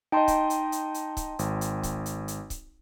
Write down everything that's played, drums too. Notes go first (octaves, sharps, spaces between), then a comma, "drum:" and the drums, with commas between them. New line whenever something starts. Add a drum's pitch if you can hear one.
D#4 D#5 G5 A5 C6
drum: kick C#1, hi-hat
drum: hi-hat
drum: hi-hat
drum: hi-hat
drum: kick C#1, hi-hat
G#1, drum: hi-hat
drum: hi-hat
drum: kick C#1, hi-hat
drum: hi-hat
drum: hi-hat
drum: kick C#1, hi-hat